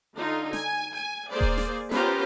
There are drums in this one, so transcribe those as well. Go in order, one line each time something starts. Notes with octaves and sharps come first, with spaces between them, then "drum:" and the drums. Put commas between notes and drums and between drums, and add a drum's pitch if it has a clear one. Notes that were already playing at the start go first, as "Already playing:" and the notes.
D3 D#4 F4
G#5, drum: snare
G#5
A#3 G#4 C5 D5
drum: kick D#1
drum: snare
B3 C#4 F4 G4 A#4 C5, drum: snare